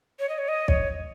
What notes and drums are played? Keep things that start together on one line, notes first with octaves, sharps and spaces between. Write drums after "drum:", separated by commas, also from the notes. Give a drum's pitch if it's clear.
C#5
D#5
C#5
D#5
C#5, drum: kick